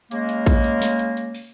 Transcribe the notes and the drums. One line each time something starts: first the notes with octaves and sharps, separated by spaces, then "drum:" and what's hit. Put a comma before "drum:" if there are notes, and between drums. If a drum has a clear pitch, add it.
C#3 G#3 A#3, drum: hi-hat
drum: hi-hat
drum: kick, open hi-hat
drum: hi-hat
drum: snare
drum: hi-hat
drum: hi-hat
drum: open hi-hat